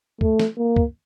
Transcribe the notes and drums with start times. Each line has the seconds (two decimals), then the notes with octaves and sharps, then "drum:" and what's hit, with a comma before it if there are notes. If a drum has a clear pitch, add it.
0.21 A3, drum: kick
0.39 drum: snare
0.58 A#3
0.76 drum: kick